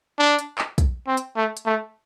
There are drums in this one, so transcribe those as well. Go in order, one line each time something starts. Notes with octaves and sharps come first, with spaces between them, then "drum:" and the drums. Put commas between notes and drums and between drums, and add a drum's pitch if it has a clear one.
D4
drum: hi-hat
drum: clap
drum: kick, hi-hat
C4
drum: hi-hat
A3
drum: hi-hat
A3